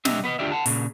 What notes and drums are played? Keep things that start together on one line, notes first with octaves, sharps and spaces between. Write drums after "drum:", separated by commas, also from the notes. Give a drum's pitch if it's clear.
B1 C4 D4 G4 D#5 E5, drum: snare
B3 B4 D#5
D2 D4 F4 G4 D5 E5
F#5 A5
A#2 C#3, drum: open hi-hat